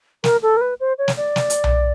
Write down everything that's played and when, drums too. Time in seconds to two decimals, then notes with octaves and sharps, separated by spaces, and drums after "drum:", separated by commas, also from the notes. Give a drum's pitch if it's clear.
0.24 A#4, drum: snare
0.42 A4
0.57 A#4
0.61 B4
0.80 C5
0.98 C#5
1.08 drum: snare
1.17 D5
1.36 drum: snare
1.50 drum: hi-hat
1.64 drum: tom B1